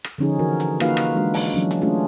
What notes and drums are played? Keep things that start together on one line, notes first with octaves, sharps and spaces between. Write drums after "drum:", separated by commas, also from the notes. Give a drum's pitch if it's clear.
drum: rim click
D3 F3 C#4 D#4 G#4
E3 F#4 A#4
drum: hi-hat
A#3 D#4 F4 F#4 B4 F5, drum: rim click
drum: rim click
E3 G#3 D4 F#4
drum: open hi-hat
E3 F#3 C#4 D4
drum: hi-hat
A3 C#4 D4 F4 G#4